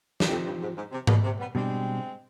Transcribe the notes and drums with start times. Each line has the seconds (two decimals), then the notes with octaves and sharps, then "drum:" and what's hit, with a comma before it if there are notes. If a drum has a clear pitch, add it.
0.20 G2, drum: snare
0.29 F2 F3 C4 D#4 G4
0.45 G2
0.60 G#2
0.76 G#2
0.92 C3
1.07 B2, drum: tom G#2
1.24 C3
1.39 G3 B3
1.55 B2 G3 G#3 C4 D4 G4